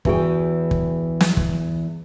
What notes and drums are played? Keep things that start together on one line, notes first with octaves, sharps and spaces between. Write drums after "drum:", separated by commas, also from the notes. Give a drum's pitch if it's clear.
E2 E3 F#4 G#4 G5, drum: kick
drum: kick
drum: snare
drum: kick